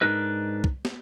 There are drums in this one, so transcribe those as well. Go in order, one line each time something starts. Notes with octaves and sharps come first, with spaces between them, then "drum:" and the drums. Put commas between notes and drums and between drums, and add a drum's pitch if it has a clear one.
G#2 D4 D#4 A#4 B4 D#5
drum: kick
drum: snare